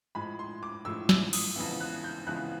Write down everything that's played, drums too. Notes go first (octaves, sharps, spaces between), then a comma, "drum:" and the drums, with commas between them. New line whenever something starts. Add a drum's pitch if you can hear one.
A2 F3 G#3 B5
C6
D6
A2 F3 G#3 E6
E6, drum: snare
D#6, drum: cymbal
F2 C#3 E3 G#3 B3
F#6
G6
F2 C#3 E3 G#3 B3 F#6